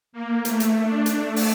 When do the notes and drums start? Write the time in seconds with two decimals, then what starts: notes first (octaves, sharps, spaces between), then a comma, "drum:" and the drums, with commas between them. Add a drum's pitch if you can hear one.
0.13 A#3
0.45 A3, drum: hi-hat
0.60 drum: hi-hat
0.82 D4
1.06 drum: hi-hat
1.18 A3
1.36 drum: open hi-hat